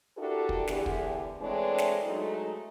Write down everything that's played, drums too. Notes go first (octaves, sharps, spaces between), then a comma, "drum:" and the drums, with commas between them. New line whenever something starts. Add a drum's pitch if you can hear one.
D4 E4 F#4 G4 A4 A#4
drum: kick
E2 D3 G4, drum: snare
drum: kick
E3 G#3 A3 C4 D4 C#5
drum: snare
F#3 G#3 A3 D#4